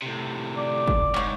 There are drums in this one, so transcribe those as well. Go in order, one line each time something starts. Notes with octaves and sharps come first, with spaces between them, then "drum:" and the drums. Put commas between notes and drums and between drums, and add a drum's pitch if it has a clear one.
A2 C3
D5
drum: kick
G#2 C#5, drum: clap